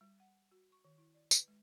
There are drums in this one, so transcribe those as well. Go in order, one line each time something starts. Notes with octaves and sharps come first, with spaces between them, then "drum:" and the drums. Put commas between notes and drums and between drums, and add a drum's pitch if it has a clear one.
G3
F#5
F#4
C#6
D#3
E4
D5
B4, drum: tambourine
G#3